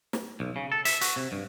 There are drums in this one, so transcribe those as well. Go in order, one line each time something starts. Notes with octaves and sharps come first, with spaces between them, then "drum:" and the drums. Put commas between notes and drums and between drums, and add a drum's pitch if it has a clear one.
drum: snare
B1
C#3
A4
E5, drum: hi-hat
F#4, drum: hi-hat
C3
G2